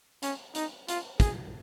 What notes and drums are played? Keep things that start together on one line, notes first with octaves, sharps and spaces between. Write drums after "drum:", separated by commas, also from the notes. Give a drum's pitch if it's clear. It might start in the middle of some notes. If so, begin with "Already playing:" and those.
C#4, drum: hi-hat
D#4, drum: hi-hat
F4, drum: hi-hat
G#4, drum: kick, hi-hat